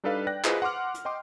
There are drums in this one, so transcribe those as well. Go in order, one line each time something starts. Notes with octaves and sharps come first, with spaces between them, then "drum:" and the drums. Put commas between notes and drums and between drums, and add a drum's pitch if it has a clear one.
G3 D4 D#4 A4 B4 F5
D5 G5 F#6 A#6
F4 G#4 B4 C5 D#5, drum: clap
F#5 C6 D6 F6
drum: hi-hat
D#5 G5 C6 D6